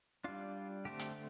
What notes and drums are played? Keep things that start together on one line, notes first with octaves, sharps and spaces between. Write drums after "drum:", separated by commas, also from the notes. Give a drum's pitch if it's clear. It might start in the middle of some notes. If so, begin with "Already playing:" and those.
G3 D4 F4
D3 A3 C4 G4
drum: hi-hat